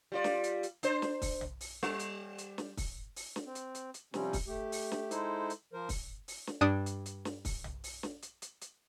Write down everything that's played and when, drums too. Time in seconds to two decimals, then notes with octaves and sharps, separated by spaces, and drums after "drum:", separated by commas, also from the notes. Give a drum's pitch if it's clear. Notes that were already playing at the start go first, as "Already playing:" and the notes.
0.12 G3 F4 D5
0.24 drum: snare
0.44 drum: hi-hat
0.63 drum: hi-hat
0.83 D4 C5, drum: hi-hat
1.02 drum: snare
1.22 drum: kick, open hi-hat
1.41 drum: tom
1.61 drum: open hi-hat
1.83 G3, drum: snare
1.99 drum: hi-hat
2.38 drum: hi-hat
2.58 drum: snare
2.77 drum: kick, open hi-hat
3.16 drum: open hi-hat
3.36 drum: snare
3.46 C4
3.55 drum: hi-hat
3.75 drum: hi-hat
3.94 drum: hi-hat
4.14 C3 F3 G3 C4 C#4, drum: snare
4.33 drum: kick, open hi-hat
4.47 A3 G4
4.72 drum: open hi-hat
4.92 drum: snare
5.11 G#3 D#4 E4 A4 C5, drum: hi-hat
5.50 drum: hi-hat
5.73 F3 A#4 C5
5.89 drum: kick, open hi-hat
6.28 drum: open hi-hat
6.47 drum: snare
6.61 G2 D4 D#6
6.86 drum: hi-hat
7.06 drum: hi-hat
7.25 drum: snare
7.45 drum: kick, open hi-hat
7.64 drum: tom
7.84 drum: open hi-hat
8.03 drum: snare
8.23 drum: hi-hat
8.42 drum: hi-hat
8.62 drum: hi-hat